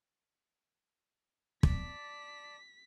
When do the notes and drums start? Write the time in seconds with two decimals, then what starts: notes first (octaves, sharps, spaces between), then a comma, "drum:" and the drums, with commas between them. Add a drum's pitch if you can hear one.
1.63 D5 A5 B6, drum: kick